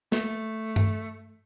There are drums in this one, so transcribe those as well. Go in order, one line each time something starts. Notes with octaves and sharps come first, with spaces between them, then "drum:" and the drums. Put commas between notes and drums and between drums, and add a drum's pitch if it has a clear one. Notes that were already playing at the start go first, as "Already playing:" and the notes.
A3, drum: snare
drum: tom G2